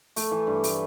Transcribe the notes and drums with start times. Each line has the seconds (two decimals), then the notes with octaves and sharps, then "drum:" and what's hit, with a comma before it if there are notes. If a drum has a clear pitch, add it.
0.16 A3, drum: open hi-hat
0.31 E3
0.47 G2
0.64 A3, drum: open hi-hat